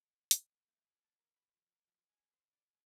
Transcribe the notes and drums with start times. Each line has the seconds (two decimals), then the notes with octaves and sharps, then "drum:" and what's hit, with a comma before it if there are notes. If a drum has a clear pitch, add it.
0.31 drum: hi-hat
0.68 A3
0.85 G#4
1.04 A5
1.19 A#4
1.36 B5
1.54 F3
1.73 A#4
1.87 F3
2.09 G#5
2.34 C5
2.53 D5
2.69 G#5